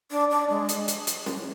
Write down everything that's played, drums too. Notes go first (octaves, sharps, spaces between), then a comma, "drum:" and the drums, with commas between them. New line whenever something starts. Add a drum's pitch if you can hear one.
D4
D4
G#3
drum: hi-hat
drum: hi-hat
drum: hi-hat
drum: snare